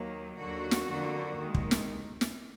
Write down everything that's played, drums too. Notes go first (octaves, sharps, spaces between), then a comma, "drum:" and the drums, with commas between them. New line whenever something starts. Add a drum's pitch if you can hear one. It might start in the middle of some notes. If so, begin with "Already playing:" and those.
Already playing: D#2 D#3 F#3 A#3
D#2 D3 F#3 A#3 F#4
drum: snare
F2 D3 F#3 A#3
D#2 D#3 G#3
drum: kick
drum: snare
drum: snare